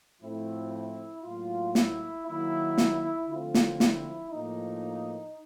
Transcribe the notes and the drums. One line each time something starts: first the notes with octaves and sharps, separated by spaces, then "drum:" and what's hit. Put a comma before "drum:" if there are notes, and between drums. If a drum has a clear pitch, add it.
A2 F3 A3 C4 E4
E4
A2 F#3 A#3 F4
E4, drum: snare
D#3 F#3 A#3 E4
drum: snare
D3 F3 A3 C4 F4
drum: snare
E4, drum: snare
A2 F3 A#3 D#4